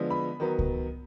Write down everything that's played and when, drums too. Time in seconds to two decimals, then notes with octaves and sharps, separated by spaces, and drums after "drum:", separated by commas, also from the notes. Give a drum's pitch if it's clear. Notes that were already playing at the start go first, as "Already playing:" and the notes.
Already playing: D3 F3 G#3 B3
0.10 B5
0.40 D#3 F#3 B3
0.59 drum: kick C#2